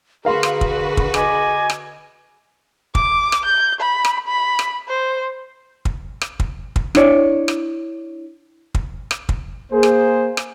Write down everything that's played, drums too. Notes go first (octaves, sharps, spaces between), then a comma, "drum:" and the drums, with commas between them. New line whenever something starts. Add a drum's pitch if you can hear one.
D3 F#4 G#4 A#4 B4 F5 C6
drum: rim click
drum: kick
drum: kick
D#5 G#5 D6, drum: rim click
drum: rim click
D6, drum: kick
drum: rim click
G6
B5
drum: rim click
B5
drum: rim click
C5
drum: kick
drum: rim click
drum: kick
drum: kick
D4 E4 C#5 D5, drum: rim click
drum: rim click
drum: kick
drum: rim click
drum: kick
A#3 G#4 C5
drum: rim click
drum: rim click